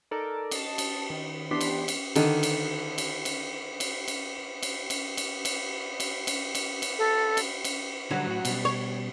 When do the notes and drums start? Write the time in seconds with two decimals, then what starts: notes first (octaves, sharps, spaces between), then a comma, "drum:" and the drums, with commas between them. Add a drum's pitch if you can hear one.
0.11 D#4 A4 A#4 D5
0.51 D#5 A5, drum: cymbal
0.78 drum: cymbal
1.10 D#3
1.51 E3 B3 D4 G4 C6 B6
1.61 drum: cymbal
1.88 drum: cymbal
2.15 D3 D#3, drum: cymbal
2.43 drum: cymbal
2.98 drum: cymbal
3.25 drum: cymbal
3.80 drum: cymbal
4.08 drum: cymbal
4.63 drum: cymbal
4.90 drum: cymbal
5.17 drum: cymbal
5.45 drum: cymbal
6.00 drum: cymbal
6.27 drum: cymbal
6.55 drum: cymbal
6.82 drum: cymbal
6.98 A4
7.37 drum: cymbal
7.64 drum: cymbal
8.11 D3 F#3 G3
8.26 A2 F#4
8.45 B2 G3, drum: cymbal
8.65 C#5